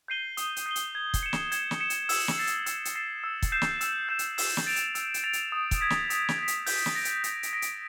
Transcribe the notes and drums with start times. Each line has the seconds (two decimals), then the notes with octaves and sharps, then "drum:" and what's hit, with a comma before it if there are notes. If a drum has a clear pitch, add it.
0.08 G6 C7 D#7 G7
0.37 D#6, drum: hi-hat
0.56 drum: hi-hat
0.66 G6 C7 D#7 G7
0.76 drum: hi-hat
0.95 G#6
1.14 drum: kick, hi-hat
1.23 C#7 E7
1.33 drum: snare
1.52 G#6, drum: hi-hat
1.71 drum: snare
1.80 C#7 E7
1.90 drum: hi-hat
2.09 E6, drum: open hi-hat
2.28 drum: snare
2.38 A6 C7 E7
2.47 drum: hi-hat
2.66 E6, drum: hi-hat
2.85 drum: hi-hat
2.95 A6 C7 E7
3.24 E6
3.42 drum: kick, hi-hat
3.52 G6 C7 E7
3.62 drum: snare
3.81 E6, drum: hi-hat
4.09 G6 C7 E7
4.19 drum: hi-hat
4.38 E6, drum: open hi-hat
4.57 drum: snare
4.66 A6 D7 F7
4.76 drum: hi-hat
4.95 E6, drum: hi-hat
5.14 drum: hi-hat
5.24 A6 D7 F7
5.33 drum: hi-hat
5.52 D#6
5.71 drum: kick, hi-hat
5.81 G#6 B6
5.90 drum: snare
6.10 D#6, drum: hi-hat
6.29 drum: snare
6.39 G#6 B6
6.48 drum: hi-hat
6.66 G6, drum: open hi-hat
6.86 drum: snare
6.95 A#6 D7
7.05 drum: hi-hat
7.24 G6, drum: hi-hat
7.43 drum: hi-hat
7.53 A#6 D7
7.62 drum: hi-hat